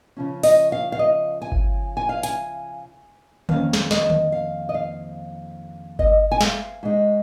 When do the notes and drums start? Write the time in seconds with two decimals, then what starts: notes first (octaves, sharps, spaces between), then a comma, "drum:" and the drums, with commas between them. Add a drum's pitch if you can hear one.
0.17 C#3 F3 C#4
0.43 D#5, drum: open hi-hat
0.72 F5
0.92 F5
0.99 D#5
1.42 G#5
1.52 drum: kick G1
1.97 G#5
2.09 F5
2.23 G#5, drum: hi-hat
3.49 F2 D#3 A#3 C#4 F5, drum: tom D3
3.73 drum: snare
3.91 D#5, drum: snare
4.10 drum: tom D3
4.32 F5
4.69 D#5
4.74 F5
5.99 D#5, drum: kick G1
6.31 G#5
6.41 F5, drum: snare
6.83 G#2 G#3 D#4